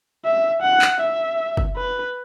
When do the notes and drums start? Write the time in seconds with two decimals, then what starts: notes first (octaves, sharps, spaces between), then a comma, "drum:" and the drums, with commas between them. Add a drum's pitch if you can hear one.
0.25 E5
0.62 F#5
0.82 drum: clap
1.00 E5
1.57 drum: kick
1.76 B4